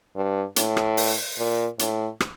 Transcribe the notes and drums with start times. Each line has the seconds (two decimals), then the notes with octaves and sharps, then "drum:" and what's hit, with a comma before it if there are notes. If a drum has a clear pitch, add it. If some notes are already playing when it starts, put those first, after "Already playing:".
0.16 G2
0.56 A2, drum: hi-hat
0.77 drum: rim click
0.97 drum: open hi-hat
1.38 A#2
1.79 A2, drum: hi-hat
2.20 drum: rim click